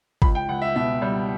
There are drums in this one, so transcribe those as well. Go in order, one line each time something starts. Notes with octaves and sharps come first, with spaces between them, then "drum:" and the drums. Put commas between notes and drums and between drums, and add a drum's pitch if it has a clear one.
C#2 B5, drum: kick G#1
G5
C#2 F#5
E5
B2 E5
G3